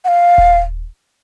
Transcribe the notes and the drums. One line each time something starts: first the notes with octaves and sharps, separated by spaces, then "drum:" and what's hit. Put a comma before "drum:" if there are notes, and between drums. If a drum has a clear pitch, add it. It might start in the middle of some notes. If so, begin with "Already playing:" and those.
F#5
F5
drum: kick D#1